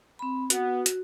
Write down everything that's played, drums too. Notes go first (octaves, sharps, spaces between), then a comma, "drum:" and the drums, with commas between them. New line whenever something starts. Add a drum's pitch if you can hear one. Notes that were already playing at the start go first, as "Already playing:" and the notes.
C4 B5
B3 F#4, drum: hi-hat
drum: hi-hat